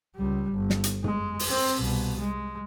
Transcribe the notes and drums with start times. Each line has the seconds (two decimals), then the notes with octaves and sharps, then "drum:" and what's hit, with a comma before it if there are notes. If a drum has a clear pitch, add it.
0.16 C#2 G3
0.53 G1
0.70 drum: snare
0.84 drum: hi-hat
1.04 G#3, drum: tom
1.39 drum: open hi-hat
1.50 C4
1.79 C2 B2
2.19 G#3